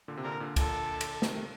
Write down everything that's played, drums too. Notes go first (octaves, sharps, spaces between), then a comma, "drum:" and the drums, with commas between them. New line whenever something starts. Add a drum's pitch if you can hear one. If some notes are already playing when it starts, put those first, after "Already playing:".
A#2 D3
C3
A#2 D3 A#4
A#2 D3
A#2 D3 A4, drum: kick, cymbal
drum: cymbal
C3 D#3, drum: snare